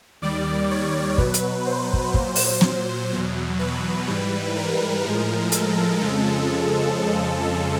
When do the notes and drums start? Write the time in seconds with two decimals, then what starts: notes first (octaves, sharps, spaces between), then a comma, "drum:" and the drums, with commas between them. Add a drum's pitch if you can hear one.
0.22 D#2 D#3 G3 D5
0.71 C#5
1.18 B2 F#3 B4, drum: kick
1.34 drum: hi-hat
1.66 C5
1.93 drum: kick
2.14 A#2 F#3 C5, drum: kick
2.35 drum: open hi-hat
2.61 drum: snare
3.10 E2 B2 F#3
3.59 B4
4.07 G#2 E3 G3
4.56 A#4
5.04 A2 F3 G#3
5.52 A4, drum: hi-hat
6.01 F2 C#3 F3 G#3